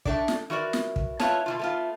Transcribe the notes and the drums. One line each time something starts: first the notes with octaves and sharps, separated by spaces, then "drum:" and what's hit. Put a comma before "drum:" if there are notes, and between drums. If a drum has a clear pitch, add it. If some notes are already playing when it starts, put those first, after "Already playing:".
A3 D4 D5, drum: kick
drum: snare
E3 F#4 A#4 D5
drum: snare
drum: kick
E4 F4 B4 C#5 A5, drum: snare
B2 D#3 F4
A3 B3 F4